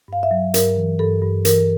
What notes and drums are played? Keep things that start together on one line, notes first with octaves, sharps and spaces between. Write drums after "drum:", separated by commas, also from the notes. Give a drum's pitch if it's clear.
G2 F5
E5
F#3
G2 A#4, drum: hi-hat
E3
G2 A4
G2
E3 A#4, drum: hi-hat